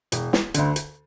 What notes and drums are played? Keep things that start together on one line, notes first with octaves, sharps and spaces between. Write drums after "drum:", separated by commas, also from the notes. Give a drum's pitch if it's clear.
E1, drum: hi-hat
drum: snare
D2 D3, drum: hi-hat
drum: hi-hat